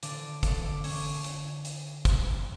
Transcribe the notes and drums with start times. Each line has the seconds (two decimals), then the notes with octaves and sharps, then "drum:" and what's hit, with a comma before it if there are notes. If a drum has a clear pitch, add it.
0.03 D3 D4, drum: hi-hat
0.43 D3 D4, drum: kick, hi-hat
0.84 C#4, drum: open hi-hat
1.24 drum: hi-hat
1.65 drum: hi-hat
2.05 drum: kick, hi-hat